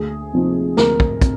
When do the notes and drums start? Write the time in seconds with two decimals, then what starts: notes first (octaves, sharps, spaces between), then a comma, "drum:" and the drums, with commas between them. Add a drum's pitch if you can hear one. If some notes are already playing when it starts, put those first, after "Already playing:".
Already playing: D2 G#4
0.33 C3 F3 C4 D#4
0.77 D2 A#4, drum: snare
1.00 drum: kick
1.22 C3, drum: kick, hi-hat